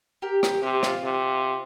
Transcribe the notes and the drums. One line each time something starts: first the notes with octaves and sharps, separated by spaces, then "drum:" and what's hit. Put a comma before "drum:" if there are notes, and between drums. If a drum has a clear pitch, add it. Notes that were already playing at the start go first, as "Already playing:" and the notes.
G4 A#4
G4 A#4, drum: rim click
C3 G4
F4, drum: rim click
C3